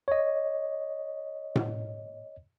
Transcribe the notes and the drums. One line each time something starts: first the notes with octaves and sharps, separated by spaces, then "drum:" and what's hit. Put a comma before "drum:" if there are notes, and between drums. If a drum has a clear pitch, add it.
C#5 D#5
drum: tom A2